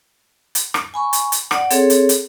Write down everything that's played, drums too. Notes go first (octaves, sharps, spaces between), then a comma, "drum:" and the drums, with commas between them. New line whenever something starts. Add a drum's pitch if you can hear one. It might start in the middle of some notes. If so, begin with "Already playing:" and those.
drum: hi-hat
drum: rim click
G#5 B5 C#6
drum: hi-hat
drum: hi-hat
D5 F#5, drum: rim click
C4 G#4 A4 C#5, drum: hi-hat
drum: hi-hat
drum: hi-hat